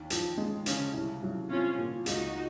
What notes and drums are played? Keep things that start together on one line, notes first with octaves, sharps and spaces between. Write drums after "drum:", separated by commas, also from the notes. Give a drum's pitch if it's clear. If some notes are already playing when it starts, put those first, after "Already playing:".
Already playing: D#2
F3, drum: hi-hat
G#3
C#3 C#4, drum: hi-hat
C2
F#3
C4 C#4 F4
A#2
C#2 D#4 F#4, drum: hi-hat